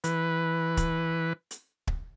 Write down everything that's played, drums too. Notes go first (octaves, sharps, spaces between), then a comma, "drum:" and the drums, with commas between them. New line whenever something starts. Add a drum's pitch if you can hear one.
E3 B4, drum: hi-hat
drum: kick, hi-hat
drum: hi-hat
drum: kick